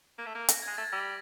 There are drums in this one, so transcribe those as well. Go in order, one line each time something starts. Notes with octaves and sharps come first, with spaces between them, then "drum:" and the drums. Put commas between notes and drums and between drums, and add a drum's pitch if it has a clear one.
A#3
A3
A#3
A#6, drum: hi-hat
G#6
G#3
A3 A6
G3 A#6